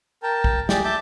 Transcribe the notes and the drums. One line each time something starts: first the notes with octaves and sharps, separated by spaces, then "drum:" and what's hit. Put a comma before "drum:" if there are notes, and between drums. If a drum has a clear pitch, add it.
A#4 G5 A5
drum: kick
G4 G#4 D5, drum: snare
E5 A5 D6 G6